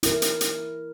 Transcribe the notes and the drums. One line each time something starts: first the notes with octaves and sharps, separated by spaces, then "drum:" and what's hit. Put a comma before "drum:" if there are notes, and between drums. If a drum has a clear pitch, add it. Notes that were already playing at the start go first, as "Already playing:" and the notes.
E4 A#4, drum: hi-hat
drum: hi-hat
drum: hi-hat